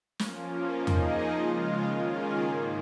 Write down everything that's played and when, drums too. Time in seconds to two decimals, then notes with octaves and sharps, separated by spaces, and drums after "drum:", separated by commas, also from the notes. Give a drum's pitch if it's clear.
0.19 F3 A#3 C#4 F4, drum: snare
0.75 F3 A#3 D#4 G#4 D#5
0.87 drum: tom E2
1.31 C#3 G#3 F4
1.86 D#3 A#3 C#4 F4 G#4
2.42 G#2 D#3 A#3